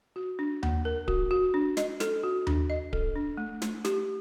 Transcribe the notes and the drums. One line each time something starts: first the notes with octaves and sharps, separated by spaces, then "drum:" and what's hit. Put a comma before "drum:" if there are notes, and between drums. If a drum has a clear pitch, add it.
F#4
D4
A#3, drum: tom D#2
A#4
F#4, drum: kick D1
F#4
D4
D#5, drum: snare
A4, drum: snare
F#4
D4, drum: tom D#2
D#5
A4, drum: kick D1
D4
A3
A3, drum: snare
G4, drum: snare